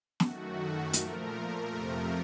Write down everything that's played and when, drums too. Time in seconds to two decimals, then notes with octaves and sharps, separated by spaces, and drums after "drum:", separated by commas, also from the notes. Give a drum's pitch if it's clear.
0.20 F#2 D#3 A3 F#4, drum: snare
0.57 F#4
0.93 A#2 F3 A3 A#4, drum: hi-hat
1.66 F2 C3 F3 A3